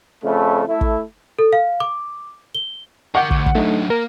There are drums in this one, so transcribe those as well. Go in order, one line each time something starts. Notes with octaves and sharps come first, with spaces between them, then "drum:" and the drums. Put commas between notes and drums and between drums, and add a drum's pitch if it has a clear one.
F2 C#3 A3
A3 E4
drum: kick
A4
F5
D6
G7
A#4 F#5 G5 C#6 D6 G6
D2, drum: kick
drum: kick
F#3 A3 D4 D#4
A#3 A#4